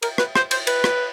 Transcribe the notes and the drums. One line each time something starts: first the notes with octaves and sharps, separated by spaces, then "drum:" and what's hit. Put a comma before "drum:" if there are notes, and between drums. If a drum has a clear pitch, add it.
A#4, drum: cymbal
B4, drum: rim click
C5, drum: rim click
C5, drum: cymbal
B4, drum: cymbal
drum: rim click